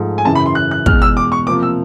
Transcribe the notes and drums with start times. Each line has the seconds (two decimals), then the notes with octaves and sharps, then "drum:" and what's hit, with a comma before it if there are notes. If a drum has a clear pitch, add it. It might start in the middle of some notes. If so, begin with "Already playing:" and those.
Already playing: G#2 F3 A3
0.18 G#5
0.25 F#2 C#3 E3 A5
0.35 B5
0.46 C6
0.55 F#6
0.71 F#6
0.86 E2 B2 G#3 F6, drum: kick
1.02 E6
1.17 D6
1.32 C#6
1.47 C3 F3 A#3 D6
1.63 E6